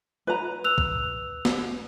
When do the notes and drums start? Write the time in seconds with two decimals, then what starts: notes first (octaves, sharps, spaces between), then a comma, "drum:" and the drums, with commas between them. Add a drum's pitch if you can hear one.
0.27 B4 A#5
0.64 E6 F#6 F7
0.78 drum: kick B1
1.45 drum: snare